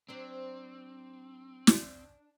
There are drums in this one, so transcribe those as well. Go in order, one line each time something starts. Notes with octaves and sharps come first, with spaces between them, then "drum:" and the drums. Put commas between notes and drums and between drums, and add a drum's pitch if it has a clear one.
F#3 C4 D4 C5
D4, drum: snare